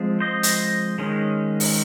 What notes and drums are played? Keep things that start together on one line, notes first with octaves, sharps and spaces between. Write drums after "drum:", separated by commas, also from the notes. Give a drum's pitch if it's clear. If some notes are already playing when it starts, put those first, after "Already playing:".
Already playing: F3 G#3 C4
C5 D#5
drum: hi-hat
D#3 G#3 C#4
drum: open hi-hat